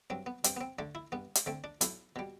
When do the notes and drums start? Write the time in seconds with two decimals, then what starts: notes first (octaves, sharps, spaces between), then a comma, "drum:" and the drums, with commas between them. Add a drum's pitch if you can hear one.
0.10 G2 F#3 C4
0.26 B3
0.44 G2 C4, drum: hi-hat
0.57 B3
0.61 C4
0.79 D3 A3 D4
0.95 E4
1.12 G2 B3
1.35 drum: hi-hat
1.46 D3 A3 C4
1.64 D4
1.81 B1 E4, drum: hi-hat
2.16 B2 G3